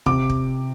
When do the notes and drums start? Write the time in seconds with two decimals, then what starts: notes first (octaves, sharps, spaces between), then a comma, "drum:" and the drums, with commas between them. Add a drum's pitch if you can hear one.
0.06 C3 D6, drum: kick
0.29 drum: kick